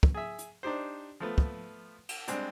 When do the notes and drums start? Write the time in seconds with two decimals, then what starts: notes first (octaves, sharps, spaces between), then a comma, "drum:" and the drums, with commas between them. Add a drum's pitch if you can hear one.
0.03 drum: kick
0.14 G#4 E5
0.39 drum: hi-hat
0.63 D4 D#4 G4 C5
1.20 F3 A3 B3
1.38 drum: kick
2.09 drum: cymbal
2.28 G3 G#3 C4 D4, drum: hi-hat